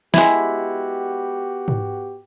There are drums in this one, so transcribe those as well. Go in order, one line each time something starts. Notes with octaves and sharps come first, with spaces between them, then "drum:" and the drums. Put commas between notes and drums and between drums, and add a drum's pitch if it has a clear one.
G#3 B3 E4 F#4 G4, drum: snare
drum: tom G#2